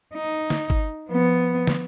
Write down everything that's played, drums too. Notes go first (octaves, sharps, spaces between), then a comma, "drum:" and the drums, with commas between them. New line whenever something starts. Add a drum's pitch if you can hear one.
D#4
drum: snare
drum: kick
F3 B3
drum: snare